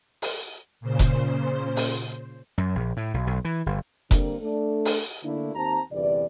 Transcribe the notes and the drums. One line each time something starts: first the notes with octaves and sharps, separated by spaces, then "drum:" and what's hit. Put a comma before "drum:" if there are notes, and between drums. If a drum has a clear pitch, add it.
drum: open hi-hat
A#2 C#3 C5
drum: kick F1, hi-hat
drum: open hi-hat
F#2
A#1
A2
B1
B1
E3
G1
D3 G3 A#3 C4 D4 A#4, drum: kick F1, hi-hat
A3 D4 A4
drum: open hi-hat
D3 A3 A#3 D4 E4
D#2 C4 A5 A#5
G1 E2 C3 E3 D5